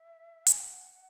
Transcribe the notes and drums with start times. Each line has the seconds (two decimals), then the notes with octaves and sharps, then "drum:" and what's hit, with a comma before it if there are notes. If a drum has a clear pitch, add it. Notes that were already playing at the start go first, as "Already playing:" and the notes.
Already playing: E5
0.47 G#5, drum: hi-hat
0.60 F#5